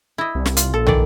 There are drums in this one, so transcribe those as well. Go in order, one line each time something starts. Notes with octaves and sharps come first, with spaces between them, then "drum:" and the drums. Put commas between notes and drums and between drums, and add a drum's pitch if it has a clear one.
E4 D#5
C2
drum: snare
F4, drum: hi-hat
A#1 A4
D#3 E3 D5, drum: tom